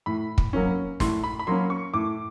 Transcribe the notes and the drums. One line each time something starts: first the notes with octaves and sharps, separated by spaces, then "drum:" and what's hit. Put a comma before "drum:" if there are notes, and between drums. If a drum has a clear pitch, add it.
A2 B5
drum: kick
F#3 A#3 C#4
A2 C6, drum: snare
B5
B5
F#3 A#3 C#4 C6
C#6
A2 D6